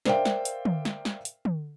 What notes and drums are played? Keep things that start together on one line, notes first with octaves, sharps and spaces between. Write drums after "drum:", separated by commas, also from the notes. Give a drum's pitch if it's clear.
A#4 C5 D5 E5 F5 G5, drum: snare
drum: snare
drum: hi-hat
drum: tom
drum: snare
drum: snare
drum: hi-hat
drum: tom